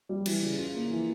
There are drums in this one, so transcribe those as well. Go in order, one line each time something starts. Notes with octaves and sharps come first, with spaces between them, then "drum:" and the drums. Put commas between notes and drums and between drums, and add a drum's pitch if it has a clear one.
G3
E3, drum: cymbal
C#3
F4
A#3
E3